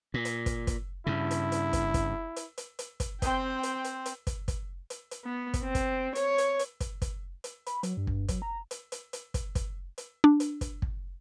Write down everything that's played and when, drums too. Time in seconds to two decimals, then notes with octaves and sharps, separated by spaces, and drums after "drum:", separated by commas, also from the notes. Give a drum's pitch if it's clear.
0.14 A#2
0.25 drum: hi-hat
0.46 drum: kick, hi-hat
0.67 drum: kick, hi-hat
1.06 G2 C#3 E4
1.31 drum: hi-hat
1.52 drum: hi-hat
1.73 drum: kick, hi-hat
1.94 drum: kick, hi-hat
2.36 drum: hi-hat
2.58 drum: hi-hat
2.79 drum: hi-hat
3.00 drum: kick, hi-hat
3.22 C4 G5, drum: kick, hi-hat
3.63 drum: hi-hat
3.84 drum: hi-hat
4.06 drum: hi-hat
4.27 drum: kick, hi-hat
4.48 drum: kick, hi-hat
4.90 drum: hi-hat
5.11 drum: hi-hat
5.25 B3
5.54 drum: kick, hi-hat
5.64 C4
5.75 drum: kick, hi-hat
6.15 C#5, drum: hi-hat
6.38 drum: hi-hat
6.59 drum: hi-hat
6.80 drum: kick, hi-hat
7.02 drum: kick, hi-hat
7.44 drum: hi-hat
7.66 B5, drum: hi-hat
7.83 F#3, drum: hi-hat
7.97 G2
8.07 drum: kick
8.28 F#3, drum: kick, hi-hat
8.42 A#5
8.71 drum: hi-hat
8.92 drum: hi-hat
9.13 drum: hi-hat
9.34 drum: kick, hi-hat
9.55 drum: kick, hi-hat
9.98 drum: hi-hat
10.24 D4
10.40 drum: hi-hat
10.61 drum: kick, hi-hat
10.82 drum: kick